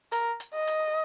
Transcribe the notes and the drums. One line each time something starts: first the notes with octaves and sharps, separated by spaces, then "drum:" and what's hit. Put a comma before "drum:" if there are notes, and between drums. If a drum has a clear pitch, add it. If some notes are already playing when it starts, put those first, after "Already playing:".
A#4, drum: hi-hat
drum: hi-hat
D#5
drum: hi-hat